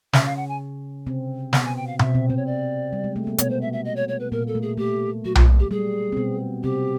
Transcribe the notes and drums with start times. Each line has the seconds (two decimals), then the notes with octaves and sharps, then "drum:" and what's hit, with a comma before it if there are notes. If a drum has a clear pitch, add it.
0.13 C#3 C#4 E5, drum: snare
0.26 F5
0.37 F#5
0.49 G#5
1.07 C3 C4
1.53 B2 B3 F#5, drum: snare
1.65 G#5
1.77 G5
1.87 F5
1.99 C3 C4 E5, drum: tom B2
2.15 C3 C4
2.28 C3 C4 C5
2.37 C#5
2.46 D5
2.93 G3
3.04 G#3
3.16 A3
3.27 A#3
3.38 B2 B3 C#5, drum: hi-hat
3.50 C5
3.61 E5
3.73 E5
3.85 D#5
3.96 C#5
4.08 C#5
4.20 B4
4.32 A#2 A#3 A#4
4.47 A4
4.55 A3
4.62 G#4
4.77 A3 G4
5.25 F#3 F#4
5.35 F4, drum: tom B1
5.59 G4
5.71 G3 G#4
6.12 C4
6.17 B2 B3
6.63 C3 C4 G4